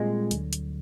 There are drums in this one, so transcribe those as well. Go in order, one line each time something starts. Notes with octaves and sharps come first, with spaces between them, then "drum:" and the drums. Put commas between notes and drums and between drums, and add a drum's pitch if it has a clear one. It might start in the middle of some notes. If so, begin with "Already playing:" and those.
Already playing: A#2 G3 G#3 C4 F4 G#4
D2 D3 F#3, drum: hi-hat
drum: hi-hat